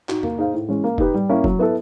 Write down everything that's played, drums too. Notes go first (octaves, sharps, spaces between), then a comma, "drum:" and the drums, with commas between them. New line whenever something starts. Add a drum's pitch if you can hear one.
D#4 F#4, drum: clap
A#3, drum: tom E2
D#4 G#4 C5 F5
A2
E3 G#3 C#4
A#3
D#4 G4 B4, drum: kick F1
G3
A#3 C#4 E4
F#3, drum: kick F1
B3 E4 A4